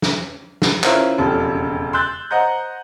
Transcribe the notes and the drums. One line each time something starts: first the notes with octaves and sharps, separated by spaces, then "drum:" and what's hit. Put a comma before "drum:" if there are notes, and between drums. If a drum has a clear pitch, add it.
drum: snare
drum: snare
C#4 E4 F4 A#4 C5 E5, drum: clap
E1 F2 C#3 G4 A4
C6 E6 F#6 G6 A6
C5 D#5 F#5 A#5 G6